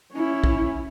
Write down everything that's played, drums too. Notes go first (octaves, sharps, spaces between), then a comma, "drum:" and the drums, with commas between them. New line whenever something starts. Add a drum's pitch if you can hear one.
C#4 E4
drum: kick A#1